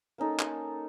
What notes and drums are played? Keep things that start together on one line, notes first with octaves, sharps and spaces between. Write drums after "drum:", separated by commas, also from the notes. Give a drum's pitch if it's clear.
A#3 C#4 D#4 A4
drum: clap